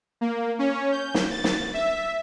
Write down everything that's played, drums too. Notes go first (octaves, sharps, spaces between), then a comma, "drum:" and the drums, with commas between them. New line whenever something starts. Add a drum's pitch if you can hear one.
A#3
C#4
G6
drum: snare
A6
drum: snare
E5